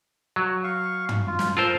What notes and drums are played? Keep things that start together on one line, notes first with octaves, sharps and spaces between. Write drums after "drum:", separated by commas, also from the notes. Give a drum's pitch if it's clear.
F#3
F5 C#6
drum: tom
F4
drum: snare
F4 A4 A#4 C5